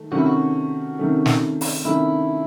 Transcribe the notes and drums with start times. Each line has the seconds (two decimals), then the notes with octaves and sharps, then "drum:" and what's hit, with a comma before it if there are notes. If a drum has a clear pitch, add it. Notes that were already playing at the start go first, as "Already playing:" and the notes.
Already playing: D#3 A3
0.11 C3 D#3 A3 C#4 F#4
0.18 E4
0.26 F#4
0.98 C3 D#3 A3 C#4
1.26 drum: snare
1.61 drum: open hi-hat
1.85 C3 D#3 A3 C#4 E4